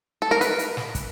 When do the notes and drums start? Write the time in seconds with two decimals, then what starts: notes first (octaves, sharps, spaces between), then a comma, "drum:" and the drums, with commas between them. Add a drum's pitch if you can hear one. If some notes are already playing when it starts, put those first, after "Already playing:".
0.22 A4
0.31 A#4
0.41 B4, drum: hi-hat
0.59 drum: hi-hat
0.77 drum: snare
0.95 drum: kick, hi-hat